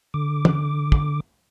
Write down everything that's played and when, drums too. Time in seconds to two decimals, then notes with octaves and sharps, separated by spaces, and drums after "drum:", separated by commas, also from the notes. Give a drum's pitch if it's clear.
0.14 D3 D6
0.45 drum: tom
0.92 drum: kick